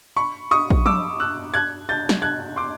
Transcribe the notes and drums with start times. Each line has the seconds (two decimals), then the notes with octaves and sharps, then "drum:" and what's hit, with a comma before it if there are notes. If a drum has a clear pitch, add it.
0.16 B5 C#6
0.51 C#6 D#6
0.70 drum: kick A#1
0.86 D6 E6, drum: tom F3
1.20 E6 F#6
1.54 F#6 G#6
1.89 G6 A6
2.09 drum: snare
2.22 F#6 G#6
2.56 C6 D6